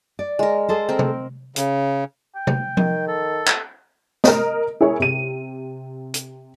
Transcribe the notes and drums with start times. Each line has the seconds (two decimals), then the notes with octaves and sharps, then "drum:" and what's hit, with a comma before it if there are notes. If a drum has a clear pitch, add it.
0.19 D5
0.39 G#3 A#4
0.69 G#4 A4 C5
0.89 C4 A#4
0.99 drum: tom C3
1.56 C#3, drum: hi-hat
2.35 G5
2.47 drum: tom C3
2.77 D#3, drum: tom F3
3.08 A4
3.47 drum: clap
4.24 A#4 D#5, drum: snare
4.81 E4 G#4 A#4 C#5
5.00 C3 D#7
6.14 drum: hi-hat